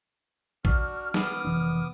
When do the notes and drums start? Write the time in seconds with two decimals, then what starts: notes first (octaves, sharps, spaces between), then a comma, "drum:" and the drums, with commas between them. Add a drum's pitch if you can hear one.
0.65 D4 F#4 F6, drum: kick
1.14 B3 D6 D#6, drum: snare
1.45 F1 E3 D4